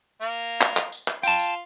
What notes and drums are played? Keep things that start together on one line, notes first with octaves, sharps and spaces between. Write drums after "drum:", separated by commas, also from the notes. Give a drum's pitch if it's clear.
A#3
drum: clap
drum: clap
drum: tambourine
drum: clap
F4 G5 A5, drum: tambourine
drum: tambourine